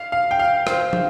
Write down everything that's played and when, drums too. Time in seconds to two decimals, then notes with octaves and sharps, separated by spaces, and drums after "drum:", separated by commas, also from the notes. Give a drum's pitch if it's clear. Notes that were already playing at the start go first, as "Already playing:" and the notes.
Already playing: F5
0.12 F5
0.31 G5
0.39 F5
0.67 C5, drum: rim click
0.93 drum: tom